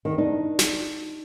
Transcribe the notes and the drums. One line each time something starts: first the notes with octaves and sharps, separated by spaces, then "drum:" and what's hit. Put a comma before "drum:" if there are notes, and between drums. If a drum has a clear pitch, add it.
D#3
D4 D#4
drum: snare